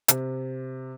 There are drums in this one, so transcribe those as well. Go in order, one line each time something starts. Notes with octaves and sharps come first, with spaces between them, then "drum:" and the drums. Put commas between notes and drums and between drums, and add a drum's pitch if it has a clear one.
C3, drum: hi-hat